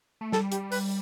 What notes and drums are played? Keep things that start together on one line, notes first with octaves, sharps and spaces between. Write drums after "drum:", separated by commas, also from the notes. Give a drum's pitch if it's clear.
A3
G3 A4, drum: snare
G4, drum: hi-hat
B4, drum: open hi-hat